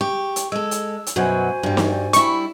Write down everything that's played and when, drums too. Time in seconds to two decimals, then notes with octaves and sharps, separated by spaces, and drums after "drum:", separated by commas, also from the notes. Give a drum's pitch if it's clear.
0.01 G4 C#6
0.36 drum: hi-hat
0.52 G#3 A4 E6
0.71 drum: hi-hat
1.07 drum: hi-hat
1.16 F#2 B2 F#3 F#4 C5 G#5
1.63 G2 G3
1.77 drum: snare
2.13 G3 E4 C#6, drum: hi-hat